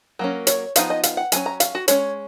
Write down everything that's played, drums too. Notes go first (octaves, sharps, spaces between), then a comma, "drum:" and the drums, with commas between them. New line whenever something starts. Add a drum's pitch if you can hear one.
F#3 A#3 C#4
C#5, drum: hi-hat
F3 B3 D#4 F5, drum: hi-hat
D#5
F5, drum: hi-hat
F#5
F#3 C#4 G#5, drum: hi-hat
A#5
F5, drum: hi-hat
F#4
G#3 C#4 C#5, drum: hi-hat